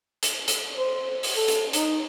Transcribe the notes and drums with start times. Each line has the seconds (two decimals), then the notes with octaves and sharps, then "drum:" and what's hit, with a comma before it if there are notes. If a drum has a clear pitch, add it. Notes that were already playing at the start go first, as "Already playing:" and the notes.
0.23 drum: hi-hat
0.48 drum: hi-hat
0.78 C5
1.23 drum: open hi-hat
1.35 A4
1.48 drum: hi-hat
1.73 D#4, drum: hi-hat